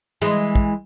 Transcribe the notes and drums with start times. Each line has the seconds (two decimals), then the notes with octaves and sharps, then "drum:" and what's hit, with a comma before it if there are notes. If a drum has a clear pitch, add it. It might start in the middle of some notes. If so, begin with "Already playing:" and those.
0.22 E3 G#3
0.55 drum: kick